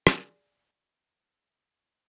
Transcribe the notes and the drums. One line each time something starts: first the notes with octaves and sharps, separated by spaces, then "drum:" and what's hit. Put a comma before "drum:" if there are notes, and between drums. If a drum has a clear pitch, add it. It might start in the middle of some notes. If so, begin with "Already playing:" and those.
G#4 D5, drum: rim click